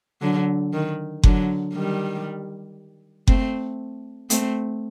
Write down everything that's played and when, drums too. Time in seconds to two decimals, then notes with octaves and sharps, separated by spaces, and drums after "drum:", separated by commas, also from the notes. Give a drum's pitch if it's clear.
0.21 D3 F#3
0.73 D#3
1.23 D3 F#3, drum: kick F#1
1.75 D#3 G3
3.28 A3 C4, drum: kick F#1
4.30 A3 C4, drum: hi-hat